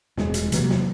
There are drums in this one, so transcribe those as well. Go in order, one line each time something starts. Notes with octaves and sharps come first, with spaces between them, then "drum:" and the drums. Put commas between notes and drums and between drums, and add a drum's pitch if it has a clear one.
E1 G#3, drum: snare
drum: hi-hat
C3 E3 F#3 A#3, drum: hi-hat
drum: snare